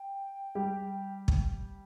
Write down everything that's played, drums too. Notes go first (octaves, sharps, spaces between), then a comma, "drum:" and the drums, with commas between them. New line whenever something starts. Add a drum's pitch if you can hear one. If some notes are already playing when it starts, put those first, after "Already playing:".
Already playing: G5
G3 G4
drum: kick